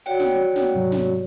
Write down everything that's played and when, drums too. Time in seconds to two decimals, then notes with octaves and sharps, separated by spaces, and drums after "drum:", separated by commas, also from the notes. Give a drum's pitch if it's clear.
0.06 F#4 C#5 D5 F#5 G5
0.20 drum: snare
0.56 drum: snare
0.74 G#2 C3 F#3
0.92 drum: snare